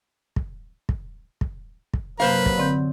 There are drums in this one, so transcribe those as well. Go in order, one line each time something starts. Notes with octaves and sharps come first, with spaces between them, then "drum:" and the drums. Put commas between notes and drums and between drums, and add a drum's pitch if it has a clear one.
drum: kick
drum: kick
drum: kick
drum: kick
F#2 C3 F#3 A#3 B4 C5 F5
drum: kick
D3 C4 G6